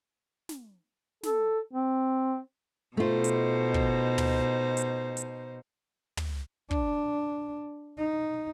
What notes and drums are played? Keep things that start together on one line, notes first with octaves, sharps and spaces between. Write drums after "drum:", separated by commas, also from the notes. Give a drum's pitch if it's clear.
drum: snare
A4, drum: snare
C4
B2 A3 D#4 F4 C5
drum: hi-hat
drum: kick
drum: tom
drum: hi-hat
drum: hi-hat
drum: tom
D4, drum: kick
D#4